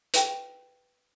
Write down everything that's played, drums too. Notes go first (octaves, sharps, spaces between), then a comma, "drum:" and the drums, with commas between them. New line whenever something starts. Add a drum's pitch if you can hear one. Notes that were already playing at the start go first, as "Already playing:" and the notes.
B4 G5, drum: hi-hat